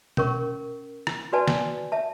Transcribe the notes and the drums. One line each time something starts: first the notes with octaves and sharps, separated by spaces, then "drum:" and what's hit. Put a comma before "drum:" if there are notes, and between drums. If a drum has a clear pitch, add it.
C#4 A#4 C#6, drum: tom B2
drum: rim click
F#4 B4 D5 G#5 A5
drum: snare
E5 A5